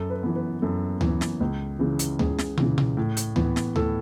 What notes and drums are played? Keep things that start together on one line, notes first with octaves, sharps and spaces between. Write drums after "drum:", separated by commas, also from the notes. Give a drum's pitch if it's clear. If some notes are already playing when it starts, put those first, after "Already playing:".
Already playing: F#2 A4
B4
E3 B3
B4
F#2 A4
E3 B3, drum: tom D2
drum: snare
C#2
C#3 E3
drum: hi-hat
C#2 G#4, drum: tom D2
drum: snare
C#3 E3, drum: tom
drum: tom
A2
drum: hi-hat
E3 B3, drum: tom D2
drum: snare
A2 A4, drum: tom D2